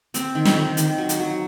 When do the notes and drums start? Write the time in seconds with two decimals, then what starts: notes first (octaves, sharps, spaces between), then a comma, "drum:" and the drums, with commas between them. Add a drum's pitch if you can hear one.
0.14 C4, drum: hi-hat
0.35 D#3
0.45 drum: snare
0.56 D#3
0.77 D#3, drum: hi-hat
0.98 F#3
1.09 drum: hi-hat
1.20 F#3